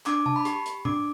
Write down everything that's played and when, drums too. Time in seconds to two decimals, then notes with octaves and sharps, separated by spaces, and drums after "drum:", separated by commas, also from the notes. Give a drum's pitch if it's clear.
0.06 D4 D6, drum: clap
0.26 A5, drum: tom
0.36 B5
0.45 G4 C#6, drum: hi-hat
0.66 drum: hi-hat
0.85 D4 D6, drum: tom